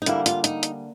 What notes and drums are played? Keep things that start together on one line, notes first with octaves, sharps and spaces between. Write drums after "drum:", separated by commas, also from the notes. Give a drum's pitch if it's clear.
D#4
D3 G3 A#3 E4, drum: hi-hat
F4, drum: hi-hat
D#4, drum: hi-hat
drum: hi-hat